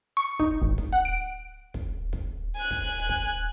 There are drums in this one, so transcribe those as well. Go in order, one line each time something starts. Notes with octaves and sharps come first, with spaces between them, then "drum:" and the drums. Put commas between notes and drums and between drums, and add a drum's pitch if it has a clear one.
C#6
D#4, drum: kick
G#1
drum: kick
F#5
D7
drum: kick
drum: kick
G#5 F#6
drum: kick
drum: kick